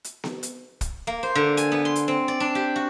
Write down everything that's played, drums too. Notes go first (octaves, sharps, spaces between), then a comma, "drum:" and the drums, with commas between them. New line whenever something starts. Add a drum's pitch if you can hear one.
drum: hi-hat
drum: snare B3
drum: hi-hat
drum: kick, hi-hat
A#3
C5
D3
G#5, drum: hi-hat
B3
C6
drum: hi-hat
C4
D5
D4
G4
F#4